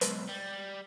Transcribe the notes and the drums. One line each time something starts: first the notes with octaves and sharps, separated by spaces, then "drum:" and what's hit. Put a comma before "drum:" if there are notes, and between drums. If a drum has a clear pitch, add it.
B1 G#2, drum: hi-hat
G3